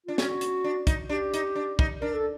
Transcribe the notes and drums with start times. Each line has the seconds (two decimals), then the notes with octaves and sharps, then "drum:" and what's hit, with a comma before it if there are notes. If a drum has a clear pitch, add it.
0.07 D4 F4
0.18 C#4 F#4, drum: snare
0.41 drum: hi-hat
0.64 D4
0.87 D#4, drum: kick, hi-hat
1.09 D4 G4
1.34 D#4, drum: hi-hat
1.55 D4
1.79 D#4, drum: kick
2.02 D4 A#4
2.14 A4